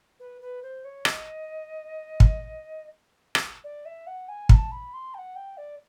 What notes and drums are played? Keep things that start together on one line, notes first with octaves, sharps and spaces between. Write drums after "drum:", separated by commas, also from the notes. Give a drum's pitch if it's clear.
B4
B4
C5
C#5
D#5, drum: rim click
drum: kick
drum: rim click
D5
E5
F#5
G#5
A#5, drum: kick
A5
B5
C6
G5
F#5
G5
D5